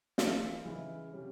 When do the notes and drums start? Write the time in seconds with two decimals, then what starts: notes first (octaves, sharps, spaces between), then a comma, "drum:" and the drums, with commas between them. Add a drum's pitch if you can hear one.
0.18 E3 A#3 F4 F5, drum: snare
0.65 C#3 E3 G#3 E4
1.12 C3 G3 C#4